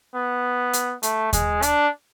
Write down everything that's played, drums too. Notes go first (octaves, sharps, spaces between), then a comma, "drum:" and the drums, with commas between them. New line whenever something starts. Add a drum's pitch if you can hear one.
B3
drum: hi-hat
A3, drum: hi-hat
G#3, drum: kick D#2, hi-hat
D4, drum: hi-hat